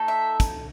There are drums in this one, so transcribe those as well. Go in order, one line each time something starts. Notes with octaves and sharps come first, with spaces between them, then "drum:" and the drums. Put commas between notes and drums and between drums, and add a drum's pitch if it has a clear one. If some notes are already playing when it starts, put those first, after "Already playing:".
Already playing: A3 D#4 A4
E5
drum: kick, hi-hat